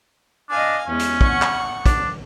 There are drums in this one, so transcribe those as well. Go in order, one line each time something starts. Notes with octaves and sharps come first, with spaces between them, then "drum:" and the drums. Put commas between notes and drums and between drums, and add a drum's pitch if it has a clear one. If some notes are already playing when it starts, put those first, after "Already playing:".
D4 D#5 F5 G#5
E2 G#3 C#4
drum: hi-hat
F#5 C#6, drum: kick
drum: clap
D4, drum: kick, hi-hat